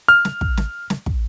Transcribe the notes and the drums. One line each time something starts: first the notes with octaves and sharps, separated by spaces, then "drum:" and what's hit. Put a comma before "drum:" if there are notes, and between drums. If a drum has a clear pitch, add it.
F6
drum: snare
drum: kick
drum: snare
drum: snare
drum: kick